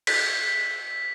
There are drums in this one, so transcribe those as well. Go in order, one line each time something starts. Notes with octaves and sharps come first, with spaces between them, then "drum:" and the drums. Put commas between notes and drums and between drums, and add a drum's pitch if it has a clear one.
B6, drum: cymbal